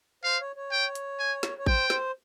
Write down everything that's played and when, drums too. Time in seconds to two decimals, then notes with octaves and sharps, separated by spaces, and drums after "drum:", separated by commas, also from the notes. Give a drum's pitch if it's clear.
0.24 C5 F5
0.40 C#5
0.56 C#5
0.72 G5
0.95 drum: hi-hat
1.19 G#5
1.43 drum: snare
1.58 C#5
1.66 C5 G5, drum: kick A1
1.90 C5, drum: snare